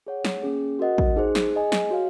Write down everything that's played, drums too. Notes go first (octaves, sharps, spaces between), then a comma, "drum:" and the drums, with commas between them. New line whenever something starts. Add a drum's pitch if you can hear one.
G#4 C#5 F#5
drum: snare
A#3 C#4 G#4
F#4 A#4 D#5 F#5
drum: kick
D#4 G#4 C5
drum: snare
G#4 D#5 G#5
drum: snare
F#4 C#5 F5